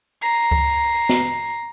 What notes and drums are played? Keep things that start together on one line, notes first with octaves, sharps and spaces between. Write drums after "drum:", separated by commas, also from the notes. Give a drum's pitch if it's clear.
A#5 C7
drum: kick C#2
drum: snare